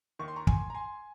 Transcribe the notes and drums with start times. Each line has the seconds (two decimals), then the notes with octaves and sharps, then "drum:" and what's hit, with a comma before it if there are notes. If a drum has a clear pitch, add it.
0.19 D#2 D#3 C#6
0.28 C6
0.36 A#5 C#6
0.47 G#5 C6, drum: kick
0.70 A#5
0.75 G#5 C6